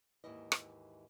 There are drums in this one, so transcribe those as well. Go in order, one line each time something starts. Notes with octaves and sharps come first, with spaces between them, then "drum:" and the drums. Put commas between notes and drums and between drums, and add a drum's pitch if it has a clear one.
D#2 G#2 E3 E4 D#5
drum: rim click